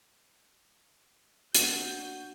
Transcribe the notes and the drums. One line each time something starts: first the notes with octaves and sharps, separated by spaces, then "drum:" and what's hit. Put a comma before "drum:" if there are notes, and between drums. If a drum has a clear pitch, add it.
A#3 D4 F#4 G6, drum: hi-hat